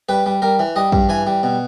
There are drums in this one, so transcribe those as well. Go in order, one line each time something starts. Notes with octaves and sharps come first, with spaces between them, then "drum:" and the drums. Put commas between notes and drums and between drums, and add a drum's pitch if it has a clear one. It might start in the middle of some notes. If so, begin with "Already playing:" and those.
G3 B4
G3
G3 A#4
E3
G3 D#5
G2, drum: kick
E3 G#5
G3
B2